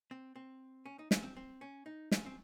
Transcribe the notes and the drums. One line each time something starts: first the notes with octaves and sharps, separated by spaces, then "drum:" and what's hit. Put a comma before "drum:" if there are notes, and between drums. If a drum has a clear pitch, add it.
C4
C4
C#4
D#4
C#4, drum: snare
C4
C4
C#4
D#4
C#4, drum: snare
C4